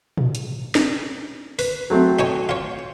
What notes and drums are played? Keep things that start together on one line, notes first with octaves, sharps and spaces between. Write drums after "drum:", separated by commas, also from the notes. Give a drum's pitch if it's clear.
drum: tom
drum: hi-hat
drum: snare
B4, drum: open hi-hat
F#3 A3 C4
D#4 C#5 G#5
F4 C#5